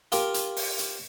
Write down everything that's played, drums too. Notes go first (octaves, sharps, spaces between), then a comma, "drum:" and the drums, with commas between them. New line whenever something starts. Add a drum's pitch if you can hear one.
F4 G4 A#4, drum: hi-hat
drum: hi-hat
drum: open hi-hat
drum: hi-hat